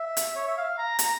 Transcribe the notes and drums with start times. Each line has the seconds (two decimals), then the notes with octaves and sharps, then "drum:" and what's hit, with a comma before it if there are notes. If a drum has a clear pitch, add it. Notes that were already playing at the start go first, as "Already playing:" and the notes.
Already playing: E5
0.17 drum: hi-hat
0.35 C#5
0.47 E5
0.58 F5
0.78 A#5
0.99 A#5, drum: hi-hat